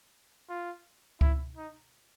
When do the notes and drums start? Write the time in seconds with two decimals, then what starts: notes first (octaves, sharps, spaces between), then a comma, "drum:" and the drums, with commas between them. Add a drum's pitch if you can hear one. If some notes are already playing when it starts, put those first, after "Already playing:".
0.49 F4
1.21 E4, drum: kick C#2
1.57 D#4